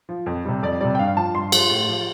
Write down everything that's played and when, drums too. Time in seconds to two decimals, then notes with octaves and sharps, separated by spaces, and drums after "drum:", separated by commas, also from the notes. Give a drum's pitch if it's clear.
0.09 F3
0.26 F2
0.45 C3 G3
0.63 F2 D5
0.81 C3 G3 D5
0.95 G5
0.99 G2 F5
1.17 F3 A5
1.35 G2 C6
1.52 F3, drum: cymbal
1.71 A2
1.89 F3